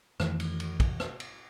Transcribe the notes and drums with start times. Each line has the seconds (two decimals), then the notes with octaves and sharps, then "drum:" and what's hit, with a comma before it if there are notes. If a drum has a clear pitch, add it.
0.20 F2 D#3 E3 A3, drum: rim click
0.40 drum: cymbal
0.60 drum: cymbal
0.80 drum: kick, cymbal
1.00 drum: rim click
1.20 drum: cymbal